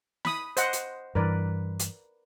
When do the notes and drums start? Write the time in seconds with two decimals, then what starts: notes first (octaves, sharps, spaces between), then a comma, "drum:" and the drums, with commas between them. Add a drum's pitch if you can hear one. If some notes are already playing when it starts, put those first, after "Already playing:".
0.25 B5 D#6, drum: snare
0.57 C5 D#5 F#5, drum: hi-hat
0.73 drum: hi-hat
1.15 G2 E3 A#4 B4 D5
1.79 drum: hi-hat